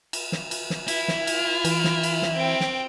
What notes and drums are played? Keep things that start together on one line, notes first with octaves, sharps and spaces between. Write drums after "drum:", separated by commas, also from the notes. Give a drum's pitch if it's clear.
drum: cymbal
drum: snare
drum: cymbal
drum: snare
E4, drum: cymbal
drum: snare
F4 F6, drum: cymbal
E3, drum: cymbal
drum: snare
drum: cymbal
drum: snare
C4 G5
drum: snare